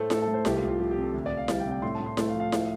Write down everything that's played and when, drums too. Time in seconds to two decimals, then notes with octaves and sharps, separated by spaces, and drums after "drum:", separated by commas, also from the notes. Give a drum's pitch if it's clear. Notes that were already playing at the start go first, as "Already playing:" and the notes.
Already playing: A2 A3 A4 C5
0.10 A2 A4, drum: snare E4
0.22 A4
0.28 A3
0.34 C5
0.45 C2 G4, drum: snare E4
0.56 F4
0.62 C2
0.68 F4
0.79 F3 G4
0.91 G4
0.97 C3
1.03 A4
1.14 D2
1.26 D5
1.31 D2
1.37 F5
1.48 G3 F5, drum: snare E4
1.60 G5
1.65 C3
1.71 G5
1.82 A2 C6
1.95 A5
2.00 A2
2.06 C6
2.17 A3, drum: snare E4
2.29 F5
2.34 F3
2.40 F5
2.52 A2, drum: snare E4